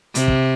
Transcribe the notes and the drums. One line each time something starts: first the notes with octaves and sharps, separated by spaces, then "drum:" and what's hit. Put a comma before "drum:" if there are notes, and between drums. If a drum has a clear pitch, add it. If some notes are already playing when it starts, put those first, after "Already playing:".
C3, drum: hi-hat
drum: kick